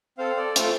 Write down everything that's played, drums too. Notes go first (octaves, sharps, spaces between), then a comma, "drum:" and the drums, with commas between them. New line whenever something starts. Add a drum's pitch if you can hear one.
C4 A4 C5 F5
A4 D5
A3 F4 A4 C5, drum: hi-hat